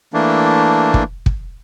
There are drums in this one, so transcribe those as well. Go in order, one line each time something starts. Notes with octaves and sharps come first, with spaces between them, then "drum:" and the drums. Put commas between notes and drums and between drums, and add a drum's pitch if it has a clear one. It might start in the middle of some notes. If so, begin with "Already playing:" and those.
E3 A3 A#3 D4
drum: kick
drum: kick